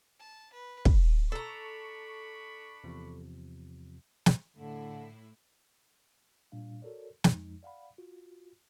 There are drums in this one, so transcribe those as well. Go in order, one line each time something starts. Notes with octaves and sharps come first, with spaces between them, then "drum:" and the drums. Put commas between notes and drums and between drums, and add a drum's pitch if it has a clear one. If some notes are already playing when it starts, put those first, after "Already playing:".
A5
B4
drum: kick
D4 A4 A#5 B5 C#6 E6
E2 C3 F3
drum: snare
A2 D3 E4
A#2 G3 D4 F5
F#4 A4 A#4 C#5 D5
F2 F3 G#3 D#4, drum: snare
D5 F5 F#5 B5
F4 F#4